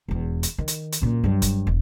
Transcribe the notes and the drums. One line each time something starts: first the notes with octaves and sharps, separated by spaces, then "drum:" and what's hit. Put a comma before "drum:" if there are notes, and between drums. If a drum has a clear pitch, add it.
E1 E2
drum: hi-hat
D#3
drum: hi-hat
drum: hi-hat
F#2 A#2
G2 F#3
drum: kick F#1, hi-hat
E1